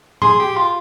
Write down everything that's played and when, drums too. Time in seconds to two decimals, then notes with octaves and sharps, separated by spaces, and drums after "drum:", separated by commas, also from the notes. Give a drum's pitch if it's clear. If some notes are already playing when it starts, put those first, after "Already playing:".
0.22 G#4 C6, drum: tom A2
0.40 G4
0.56 F4 C6